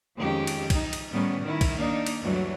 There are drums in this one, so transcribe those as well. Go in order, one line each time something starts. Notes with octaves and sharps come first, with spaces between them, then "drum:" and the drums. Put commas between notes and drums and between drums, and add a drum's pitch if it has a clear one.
F2 D#3 G#3 C#4 G4
drum: cymbal
D#4, drum: kick, cymbal
drum: cymbal
A2 D#3 G3 B3 C#4
D#3 E4
drum: kick, cymbal
A#3 D4 D#4
drum: cymbal
D2 G2 E3 F#3